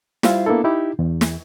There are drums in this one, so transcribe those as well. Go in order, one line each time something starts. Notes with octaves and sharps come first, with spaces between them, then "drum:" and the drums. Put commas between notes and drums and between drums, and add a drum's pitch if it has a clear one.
G3 E4 F4 C5 E5 F5, drum: snare
A#3 B3 D4 E4 A4
D#4 E4 G4
E2
drum: snare